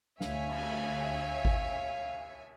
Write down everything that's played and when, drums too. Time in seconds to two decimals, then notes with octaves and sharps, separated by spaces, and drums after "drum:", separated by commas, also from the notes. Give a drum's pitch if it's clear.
0.21 D2 C#5 E5 F5 G#5, drum: snare
0.49 drum: cymbal
1.45 drum: kick G#1